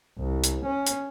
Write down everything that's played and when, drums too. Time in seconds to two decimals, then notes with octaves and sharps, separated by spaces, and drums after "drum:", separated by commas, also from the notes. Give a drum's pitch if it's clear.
0.19 C2
0.44 drum: hi-hat
0.65 C#4
0.87 drum: hi-hat